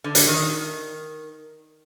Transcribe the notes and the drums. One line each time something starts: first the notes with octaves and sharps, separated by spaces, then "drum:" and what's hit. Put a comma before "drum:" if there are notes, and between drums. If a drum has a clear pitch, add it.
D3
drum: hi-hat
D#3